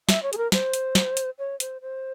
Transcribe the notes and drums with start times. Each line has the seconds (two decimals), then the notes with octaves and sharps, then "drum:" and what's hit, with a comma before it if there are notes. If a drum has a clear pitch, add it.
0.09 E5, drum: snare
0.23 C#5
0.33 G#4, drum: hi-hat
0.37 A#4
0.52 C5, drum: snare
0.73 drum: hi-hat
0.95 drum: snare
1.17 drum: hi-hat
1.39 C#5
1.60 C5, drum: hi-hat
1.82 C5